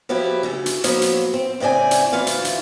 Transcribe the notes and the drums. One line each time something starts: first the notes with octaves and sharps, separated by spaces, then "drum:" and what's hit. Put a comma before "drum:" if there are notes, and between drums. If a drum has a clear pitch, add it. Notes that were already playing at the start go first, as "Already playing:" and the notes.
F3 F#3 E4 G4 B4
D2 C#3 A4
drum: hi-hat
F3 F#3 A#3 B3, drum: hi-hat
drum: hi-hat
C4
A2 C#3 C4 D5 G#5
drum: hi-hat
D2 E3 F4 C5 F5
drum: hi-hat
drum: hi-hat